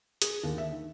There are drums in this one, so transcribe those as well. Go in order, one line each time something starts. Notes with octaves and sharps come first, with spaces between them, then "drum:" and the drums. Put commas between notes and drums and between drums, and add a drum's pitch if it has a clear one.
G#4, drum: hi-hat
D#2
E5
D#3